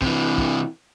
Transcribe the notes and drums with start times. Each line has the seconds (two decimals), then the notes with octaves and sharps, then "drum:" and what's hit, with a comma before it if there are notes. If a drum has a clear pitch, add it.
0.02 C3 E3, drum: kick
0.38 drum: kick